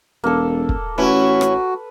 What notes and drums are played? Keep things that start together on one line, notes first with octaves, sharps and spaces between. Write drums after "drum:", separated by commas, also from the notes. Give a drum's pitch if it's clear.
E1 A#3 A4
drum: kick
A1 C#4 E4 F#4 B4
drum: rim click